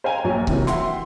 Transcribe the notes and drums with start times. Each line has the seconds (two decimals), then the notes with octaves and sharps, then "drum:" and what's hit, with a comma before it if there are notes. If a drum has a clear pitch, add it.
0.04 C5 F5 G5 G#5 A#5
0.24 A#1 F#2 C#5
0.47 C3 D#3 E3 F#3, drum: kick C#1
0.67 E5 F#5 G5 C6, drum: snare